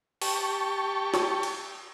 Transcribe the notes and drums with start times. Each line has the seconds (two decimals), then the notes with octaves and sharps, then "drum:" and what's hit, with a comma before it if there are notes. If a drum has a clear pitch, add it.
0.22 G4 A5 C#6, drum: open hi-hat
1.14 drum: snare
1.43 drum: cymbal